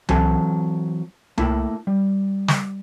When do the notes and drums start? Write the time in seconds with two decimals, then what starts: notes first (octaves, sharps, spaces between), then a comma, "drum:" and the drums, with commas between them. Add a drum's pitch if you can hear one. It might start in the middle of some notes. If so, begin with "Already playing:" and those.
0.09 E3 F#3 C4 A4 G#5, drum: tom C2
1.38 A3 A#3 E4, drum: tom C2
1.87 G3
2.48 drum: snare